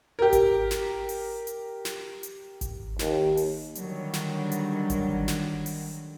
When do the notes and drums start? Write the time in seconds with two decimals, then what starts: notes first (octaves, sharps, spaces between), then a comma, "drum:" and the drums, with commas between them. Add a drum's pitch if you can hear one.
0.19 G4 A#4
0.33 drum: kick G#1, hi-hat
0.71 drum: snare
1.09 drum: open hi-hat
1.47 drum: hi-hat
1.85 drum: snare
2.23 drum: hi-hat
2.61 drum: kick G#1, hi-hat
2.99 D#2, drum: snare
3.37 drum: open hi-hat
3.75 D3 D#3 F#3 G3, drum: hi-hat
4.13 drum: snare
4.52 drum: hi-hat
4.90 drum: kick G#1, hi-hat
5.28 drum: snare
5.66 drum: open hi-hat